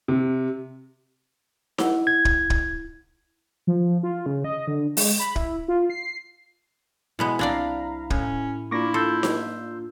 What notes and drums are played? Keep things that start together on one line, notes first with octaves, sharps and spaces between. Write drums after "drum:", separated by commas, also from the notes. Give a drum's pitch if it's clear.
C3
E4 F#5, drum: snare D#4
G#6
drum: kick
drum: kick
F3
F4
C#3
D#5
D3
G#3, drum: open hi-hat
B5
E4, drum: kick
F4
C7
B2 G#3 B3 E4 B5
C2 C4 D4 D5 F5 A#5
A2 C#4, drum: kick
A#3 D4 E4 F4 C#6 D6 A#6
A4 C6 E6 G6
drum: snare D#4